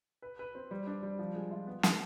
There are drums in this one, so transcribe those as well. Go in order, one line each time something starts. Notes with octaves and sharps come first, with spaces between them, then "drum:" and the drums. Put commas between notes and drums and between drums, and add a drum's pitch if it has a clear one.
B4
B4
C4
G3
D4
G3
F3
G#3
F4
B3
G#4, drum: snare